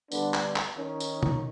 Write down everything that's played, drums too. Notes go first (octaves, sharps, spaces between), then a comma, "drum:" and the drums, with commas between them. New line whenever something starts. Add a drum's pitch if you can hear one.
D3 G3 B3 D4, drum: tambourine
drum: clap
drum: clap
D#3 C#4
drum: tambourine
drum: tom